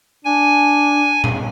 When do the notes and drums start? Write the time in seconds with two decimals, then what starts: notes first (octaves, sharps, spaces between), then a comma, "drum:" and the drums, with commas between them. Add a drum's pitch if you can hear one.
0.25 D4 G#5
1.24 drum: tom A#2